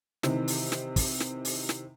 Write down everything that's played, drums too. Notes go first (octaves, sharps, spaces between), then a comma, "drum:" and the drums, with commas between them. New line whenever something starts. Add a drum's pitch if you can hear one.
C3 D#3 E3, drum: snare
drum: open hi-hat
drum: snare
drum: kick, open hi-hat
drum: snare
drum: open hi-hat
drum: snare